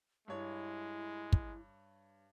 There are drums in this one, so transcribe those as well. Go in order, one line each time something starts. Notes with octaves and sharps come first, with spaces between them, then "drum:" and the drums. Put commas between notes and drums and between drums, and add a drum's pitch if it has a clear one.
G2 G#3 E4 C#5
drum: kick